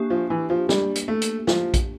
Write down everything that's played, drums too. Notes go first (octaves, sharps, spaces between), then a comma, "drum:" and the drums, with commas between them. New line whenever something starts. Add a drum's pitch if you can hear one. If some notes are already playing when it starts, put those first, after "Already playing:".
Already playing: A#3 D4 G4
F3
E3
F3
G3, drum: snare
drum: hi-hat
A3
drum: hi-hat
F3, drum: snare
drum: kick A#1, hi-hat